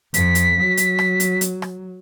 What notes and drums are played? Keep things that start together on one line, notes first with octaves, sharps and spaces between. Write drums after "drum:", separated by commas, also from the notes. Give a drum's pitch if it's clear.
F2 B6, drum: hi-hat
drum: hi-hat
F#3
drum: hi-hat
drum: rim click
drum: hi-hat
drum: hi-hat
drum: rim click